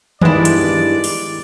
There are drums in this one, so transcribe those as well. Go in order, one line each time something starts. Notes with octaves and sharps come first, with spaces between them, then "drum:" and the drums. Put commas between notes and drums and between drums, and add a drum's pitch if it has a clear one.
G2 D#3 G3 G#3 B3 E4 D5, drum: tom D#3
drum: hi-hat
drum: open hi-hat